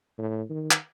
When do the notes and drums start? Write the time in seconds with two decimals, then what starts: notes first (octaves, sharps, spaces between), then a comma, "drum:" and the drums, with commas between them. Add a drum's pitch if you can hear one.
0.18 A2
0.50 D#3
0.71 drum: clap